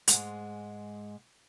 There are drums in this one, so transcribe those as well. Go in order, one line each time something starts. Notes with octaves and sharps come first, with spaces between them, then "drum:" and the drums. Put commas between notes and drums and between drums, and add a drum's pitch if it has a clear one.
G#2 G#3, drum: hi-hat